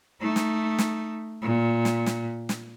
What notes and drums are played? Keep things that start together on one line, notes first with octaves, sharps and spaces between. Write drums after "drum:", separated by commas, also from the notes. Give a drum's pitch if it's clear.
A3 D#4
drum: snare
drum: snare
A#2
drum: snare
drum: snare
drum: snare